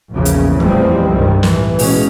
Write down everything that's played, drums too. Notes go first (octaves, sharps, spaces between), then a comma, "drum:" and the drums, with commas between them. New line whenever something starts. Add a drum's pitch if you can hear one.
A#1 E2 C#3
drum: hi-hat
E2 A2 F3 G3 G#3 C4, drum: kick
C2 G2 D#3 G3
A2 E3, drum: snare
B2 G#3 C#4, drum: open hi-hat